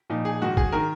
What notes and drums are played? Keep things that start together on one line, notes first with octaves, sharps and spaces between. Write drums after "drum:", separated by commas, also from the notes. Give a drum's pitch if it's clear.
A#2 F3 D#4
G#4
G#2 D#3 F#4
G#4, drum: kick G#1
D#3 A#4